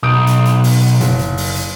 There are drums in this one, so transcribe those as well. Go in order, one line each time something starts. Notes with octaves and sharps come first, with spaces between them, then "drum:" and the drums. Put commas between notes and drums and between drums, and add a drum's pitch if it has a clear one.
B1 D#6 G6 D7
drum: hi-hat
drum: hi-hat
drum: open hi-hat
F#1, drum: hi-hat
drum: hi-hat
drum: open hi-hat
drum: hi-hat